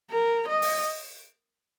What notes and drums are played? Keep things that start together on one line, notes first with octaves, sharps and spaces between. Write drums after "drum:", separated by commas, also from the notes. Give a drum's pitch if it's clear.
A#4
D#5
drum: open hi-hat